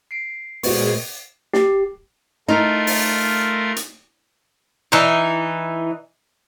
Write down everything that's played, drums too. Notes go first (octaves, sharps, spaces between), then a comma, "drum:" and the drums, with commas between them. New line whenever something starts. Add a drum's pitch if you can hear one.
C7 D7
A#2 G#3 B3 F#4 G#4 C5 D#5 C#6, drum: open hi-hat
G4, drum: snare
A3 D#4 F4 A#4
drum: open hi-hat
drum: hi-hat
E3 D#4